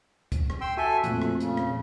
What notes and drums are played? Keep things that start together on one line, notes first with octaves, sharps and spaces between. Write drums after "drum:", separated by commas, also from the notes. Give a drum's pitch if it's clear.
drum: kick C#2, hi-hat
drum: rim click
G5 C6 E6
F#4 A4 E5 G#5
F2 A#2 A3 F#6, drum: hi-hat
drum: rim click
C#3, drum: hi-hat
drum: rim click